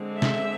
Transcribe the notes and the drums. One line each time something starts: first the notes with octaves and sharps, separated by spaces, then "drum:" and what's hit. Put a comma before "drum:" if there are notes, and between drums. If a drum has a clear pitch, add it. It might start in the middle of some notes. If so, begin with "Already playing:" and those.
Already playing: D3 G#3 C4
E5, drum: snare